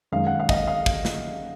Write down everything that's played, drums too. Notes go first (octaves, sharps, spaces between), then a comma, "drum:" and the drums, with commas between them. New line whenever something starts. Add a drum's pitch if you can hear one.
F#2 D#3 G#3 F5
F#5
F5
D#5, drum: kick
F5
F5
drum: kick
drum: snare